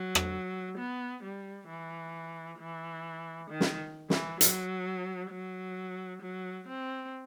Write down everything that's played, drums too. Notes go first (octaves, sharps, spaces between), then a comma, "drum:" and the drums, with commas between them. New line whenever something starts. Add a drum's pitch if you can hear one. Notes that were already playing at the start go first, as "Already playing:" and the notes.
Already playing: F#3
drum: rim click
B3
G3
E3
E3
D#3
drum: snare
E3, drum: snare
F#3, drum: hi-hat
F#3
F#3
C4